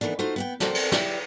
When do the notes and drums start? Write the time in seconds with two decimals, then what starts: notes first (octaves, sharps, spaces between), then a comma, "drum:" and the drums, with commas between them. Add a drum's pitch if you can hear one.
0.01 D#3 E3 A3 B3 D4
0.19 A3 D#4 F4 F#4 C5
0.36 B3 F#5 G5
0.60 C4 F#4 A4 A#4 C5 D5, drum: snare
0.75 drum: cymbal
0.92 E4 G4 D5 E5, drum: snare